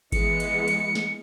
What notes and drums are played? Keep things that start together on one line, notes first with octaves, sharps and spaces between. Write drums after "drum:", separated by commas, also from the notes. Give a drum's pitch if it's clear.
E3 G#3 B3 C#7, drum: kick G#1, cymbal
drum: cymbal
drum: cymbal
drum: snare